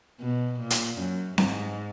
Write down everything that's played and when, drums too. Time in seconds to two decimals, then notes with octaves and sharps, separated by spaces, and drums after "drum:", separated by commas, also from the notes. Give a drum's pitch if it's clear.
0.20 B2
0.60 A#2
0.70 drum: hi-hat
0.99 F#2
1.38 G#2, drum: snare C4